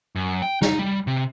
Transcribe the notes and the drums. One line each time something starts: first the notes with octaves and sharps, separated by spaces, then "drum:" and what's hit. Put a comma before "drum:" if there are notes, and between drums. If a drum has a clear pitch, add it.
F#2
G5
D#4, drum: snare
G3
C3